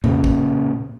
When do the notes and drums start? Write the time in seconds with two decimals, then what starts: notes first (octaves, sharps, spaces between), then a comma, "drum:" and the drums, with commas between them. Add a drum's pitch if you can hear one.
0.04 A#2 C#3, drum: tom E2
0.24 drum: kick